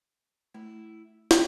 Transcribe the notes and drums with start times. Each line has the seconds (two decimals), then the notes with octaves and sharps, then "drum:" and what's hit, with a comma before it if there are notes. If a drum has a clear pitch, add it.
0.54 A3 E4
1.31 G4, drum: snare